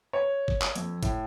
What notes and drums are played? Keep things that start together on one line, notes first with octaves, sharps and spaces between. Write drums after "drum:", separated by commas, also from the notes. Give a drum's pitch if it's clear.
C#5
drum: kick
drum: clap
F2, drum: hi-hat
A2, drum: kick, hi-hat